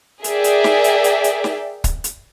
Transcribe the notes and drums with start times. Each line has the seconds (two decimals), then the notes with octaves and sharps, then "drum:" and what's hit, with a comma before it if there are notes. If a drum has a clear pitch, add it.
0.24 G#4 A#4 D5 E5 G5, drum: hi-hat
0.44 drum: hi-hat
0.64 drum: snare
0.84 drum: hi-hat
1.04 drum: hi-hat
1.24 drum: hi-hat
1.44 drum: snare
1.84 drum: kick, hi-hat
2.04 drum: hi-hat